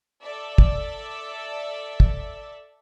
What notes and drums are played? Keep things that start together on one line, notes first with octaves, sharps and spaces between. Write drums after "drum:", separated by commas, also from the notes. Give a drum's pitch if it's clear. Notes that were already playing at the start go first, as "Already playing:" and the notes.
A4 D5 E5
drum: kick
drum: kick